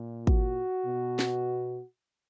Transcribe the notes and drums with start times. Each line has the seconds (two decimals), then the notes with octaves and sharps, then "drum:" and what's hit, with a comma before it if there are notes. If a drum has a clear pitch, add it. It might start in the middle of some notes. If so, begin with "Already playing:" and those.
Already playing: A#2
0.27 F#4, drum: kick
0.85 B2
1.19 drum: snare